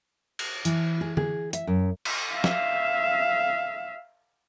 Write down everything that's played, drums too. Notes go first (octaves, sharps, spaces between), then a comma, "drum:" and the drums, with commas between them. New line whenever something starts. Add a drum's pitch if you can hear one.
drum: cymbal
E3, drum: hi-hat
G#4
G#4, drum: tom D3
E5, drum: hi-hat
F#2
drum: cymbal
E5 F5
drum: snare